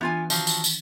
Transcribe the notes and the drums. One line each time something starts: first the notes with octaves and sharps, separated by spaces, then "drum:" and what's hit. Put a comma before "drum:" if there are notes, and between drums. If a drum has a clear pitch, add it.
E3 B3 D4 F4 G#5
D#3 F3 F#3, drum: tambourine
drum: tambourine
drum: tambourine